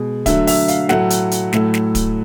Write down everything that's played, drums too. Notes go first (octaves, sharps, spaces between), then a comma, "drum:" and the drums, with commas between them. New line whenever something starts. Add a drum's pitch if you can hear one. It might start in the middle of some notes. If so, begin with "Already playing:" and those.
Already playing: B2 G#3
D3 F#3 A3 E5, drum: kick D1, hi-hat
E5, drum: open hi-hat
F5, drum: hi-hat
A2 F#3 A3 F#5, drum: snare
drum: hi-hat
drum: hi-hat
A2 F#3 A3, drum: snare
drum: snare
drum: kick D1, hi-hat